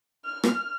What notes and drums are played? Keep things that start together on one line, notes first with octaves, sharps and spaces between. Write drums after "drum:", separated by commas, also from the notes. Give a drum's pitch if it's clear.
F6
drum: rim click